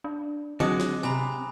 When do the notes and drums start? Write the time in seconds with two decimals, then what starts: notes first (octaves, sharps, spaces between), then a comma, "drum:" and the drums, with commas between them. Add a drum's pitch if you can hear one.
0.04 D4
0.60 F#3 G#3 C4 D4 F#4 D6 D#6 F#6, drum: tom D3
0.80 drum: snare
1.03 C3 G#5 A#5 B5